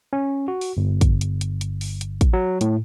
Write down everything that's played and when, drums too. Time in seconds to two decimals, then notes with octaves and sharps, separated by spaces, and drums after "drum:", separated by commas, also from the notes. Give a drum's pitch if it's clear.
0.13 C#4
0.48 F#4
0.61 drum: open hi-hat
0.77 G1
1.01 drum: kick, hi-hat
1.21 drum: hi-hat
1.41 drum: hi-hat
1.61 drum: hi-hat
1.81 drum: open hi-hat
2.01 drum: hi-hat
2.21 drum: kick, hi-hat
2.33 F#3
2.61 A2, drum: hi-hat